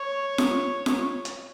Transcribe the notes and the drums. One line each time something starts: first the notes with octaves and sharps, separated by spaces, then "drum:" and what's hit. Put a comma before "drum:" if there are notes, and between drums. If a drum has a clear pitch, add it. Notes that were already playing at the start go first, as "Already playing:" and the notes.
Already playing: C#5
drum: snare F4
C#5, drum: snare F4
drum: hi-hat